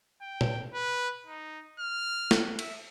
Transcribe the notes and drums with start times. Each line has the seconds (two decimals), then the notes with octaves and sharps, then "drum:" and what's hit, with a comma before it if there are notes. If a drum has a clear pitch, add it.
0.22 G5
0.41 drum: tom A#2
0.74 B4
1.26 D#4
1.79 F6
2.31 drum: snare
2.59 E5, drum: cymbal